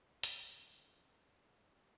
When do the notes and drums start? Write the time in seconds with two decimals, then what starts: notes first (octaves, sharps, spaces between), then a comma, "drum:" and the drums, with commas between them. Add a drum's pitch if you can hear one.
0.23 C#3 A3 C#4, drum: hi-hat